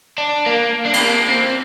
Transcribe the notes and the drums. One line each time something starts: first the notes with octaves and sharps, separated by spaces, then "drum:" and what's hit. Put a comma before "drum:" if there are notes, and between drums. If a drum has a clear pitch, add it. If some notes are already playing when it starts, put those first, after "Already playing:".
D4
A#3
D4
C4, drum: cymbal
A#3
C4